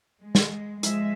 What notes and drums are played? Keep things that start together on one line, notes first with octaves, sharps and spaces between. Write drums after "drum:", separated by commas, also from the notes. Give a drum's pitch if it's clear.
G#3
drum: snare
F3 G#3 E5, drum: hi-hat